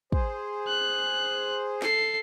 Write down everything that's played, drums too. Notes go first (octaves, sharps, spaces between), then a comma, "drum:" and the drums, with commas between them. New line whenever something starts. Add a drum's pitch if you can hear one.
G#4 C5, drum: kick
F#6
A4 C7, drum: snare